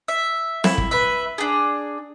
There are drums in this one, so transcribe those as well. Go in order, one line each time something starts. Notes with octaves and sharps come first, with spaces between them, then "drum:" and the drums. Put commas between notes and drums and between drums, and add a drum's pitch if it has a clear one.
E5
E4, drum: snare C4
drum: kick
B4 E5
D4 G#4